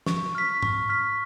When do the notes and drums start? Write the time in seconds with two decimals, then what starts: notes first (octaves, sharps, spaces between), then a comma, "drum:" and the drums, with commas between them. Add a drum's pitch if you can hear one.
0.06 C#6, drum: snare
0.35 F6 B6
0.63 C#6, drum: tom G#2
0.89 F6 B6